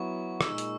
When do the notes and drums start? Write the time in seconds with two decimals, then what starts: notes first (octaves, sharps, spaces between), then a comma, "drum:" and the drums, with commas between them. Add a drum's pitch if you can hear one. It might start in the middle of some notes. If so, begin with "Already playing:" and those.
Already playing: F#3 B3 E4 C#6
0.41 A#2 G#3 D#4 E6, drum: rim click
0.58 drum: hi-hat